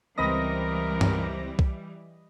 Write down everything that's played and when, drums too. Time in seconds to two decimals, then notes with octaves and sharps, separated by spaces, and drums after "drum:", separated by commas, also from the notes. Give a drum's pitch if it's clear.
0.18 C#2 E3 G3 C4 A#4 D#5 B5 A#6
1.01 drum: tom G2
1.59 drum: kick